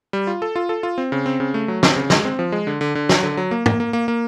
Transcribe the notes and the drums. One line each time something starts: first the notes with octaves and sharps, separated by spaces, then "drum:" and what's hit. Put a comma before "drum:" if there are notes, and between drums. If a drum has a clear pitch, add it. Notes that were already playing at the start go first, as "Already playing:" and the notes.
G3
F4
A4
F4
A4
F4
C4
C#3
C4
C#3
A3
F#3
C4, drum: snare
C#3
G#3, drum: snare
C4
F3
G#3
D3
D3
D3
F#3, drum: snare
D3
F#3
A#3
A#3, drum: tom
A#3
A#3
A#3